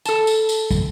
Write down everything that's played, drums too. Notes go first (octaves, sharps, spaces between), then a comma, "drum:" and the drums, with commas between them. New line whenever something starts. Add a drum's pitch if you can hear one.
A4 A5, drum: tambourine
drum: tambourine
drum: tambourine
drum: kick, tambourine